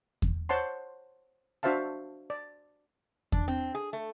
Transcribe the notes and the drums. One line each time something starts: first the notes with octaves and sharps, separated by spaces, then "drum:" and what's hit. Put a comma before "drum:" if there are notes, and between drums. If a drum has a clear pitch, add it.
drum: kick E2
C5 C#5 F#5 A5 C6
D4 F#4 C5 E5 F5 A5
D5
D4, drum: kick E2
C4
G#4
A3